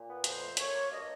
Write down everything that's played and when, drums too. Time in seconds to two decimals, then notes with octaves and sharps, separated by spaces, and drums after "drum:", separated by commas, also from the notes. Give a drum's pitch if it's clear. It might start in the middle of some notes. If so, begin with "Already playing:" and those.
Already playing: A#2
0.08 B3
0.24 F2 C5, drum: hi-hat
0.41 A3
0.57 F#2 C#5, drum: hi-hat
0.74 A#3
0.90 G2 D#5